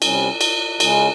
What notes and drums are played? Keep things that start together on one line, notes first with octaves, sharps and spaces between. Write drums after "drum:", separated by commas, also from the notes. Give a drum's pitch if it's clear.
C3 G3 C#4, drum: cymbal
drum: cymbal
C#3 G#3 C#4, drum: cymbal